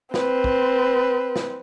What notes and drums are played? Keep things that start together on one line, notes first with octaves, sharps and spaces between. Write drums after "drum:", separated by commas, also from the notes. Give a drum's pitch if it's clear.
C4 B4, drum: snare
drum: kick
drum: snare